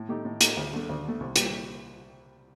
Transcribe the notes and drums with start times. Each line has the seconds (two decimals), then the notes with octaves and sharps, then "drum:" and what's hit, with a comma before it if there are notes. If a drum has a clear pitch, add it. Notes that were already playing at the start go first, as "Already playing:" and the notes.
Already playing: A2
0.09 A3 D#4 G4
0.25 A2
0.41 A3 D#4 G4, drum: hi-hat
0.57 D2
0.73 D3 A3
0.89 D2
1.04 D3 A3
1.20 C2
1.36 A#2 G3, drum: hi-hat